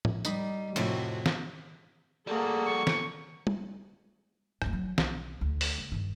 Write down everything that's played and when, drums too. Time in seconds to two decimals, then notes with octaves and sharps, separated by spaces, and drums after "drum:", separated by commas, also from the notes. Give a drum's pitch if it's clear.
0.05 drum: tom A2
0.25 G3 D#4 B5, drum: tambourine
0.76 F2 A2 C3 F#4, drum: cymbal
1.26 drum: snare
2.27 G3 A#3 F#4 G#4 A4
2.65 C#6
2.87 drum: snare
3.47 drum: tom
4.62 G2 G#3, drum: rim click
4.73 F#3
4.98 B1, drum: snare
5.41 D2
5.61 drum: open hi-hat
5.78 C#2
5.92 G2 D#3